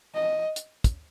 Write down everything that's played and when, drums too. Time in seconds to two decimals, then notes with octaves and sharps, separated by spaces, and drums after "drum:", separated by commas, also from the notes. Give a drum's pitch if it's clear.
0.14 D#5
0.56 drum: hi-hat
0.84 drum: kick, hi-hat